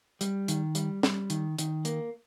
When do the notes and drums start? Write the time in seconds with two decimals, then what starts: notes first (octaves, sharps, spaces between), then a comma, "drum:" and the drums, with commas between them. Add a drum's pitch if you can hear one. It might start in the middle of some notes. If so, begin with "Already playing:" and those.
0.21 G3, drum: hi-hat
0.48 D#3, drum: hi-hat
0.75 G3, drum: hi-hat
1.03 G3, drum: snare
1.30 D#3, drum: hi-hat
1.59 D#3, drum: hi-hat
1.85 A#3, drum: hi-hat